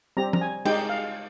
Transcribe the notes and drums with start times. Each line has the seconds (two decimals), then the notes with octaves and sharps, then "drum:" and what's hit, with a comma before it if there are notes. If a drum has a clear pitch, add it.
0.17 G3 C4 G4 A#5
0.33 A#5, drum: tom F3
0.41 G#5
0.65 G#3 D#4 G4 G5, drum: cymbal
0.89 F5